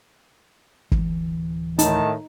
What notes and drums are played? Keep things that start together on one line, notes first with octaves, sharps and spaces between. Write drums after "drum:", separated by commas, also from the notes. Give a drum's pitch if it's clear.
D1 E3, drum: kick
A2 D#3 D#4 A5, drum: hi-hat